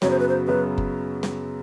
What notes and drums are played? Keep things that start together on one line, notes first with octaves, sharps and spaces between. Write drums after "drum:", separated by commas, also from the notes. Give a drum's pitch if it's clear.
F#2 C#3 F#3 B3 C#5, drum: snare
C5
B4
C5
F#2 C#3 F#3 B3 B4
drum: kick F#1
drum: snare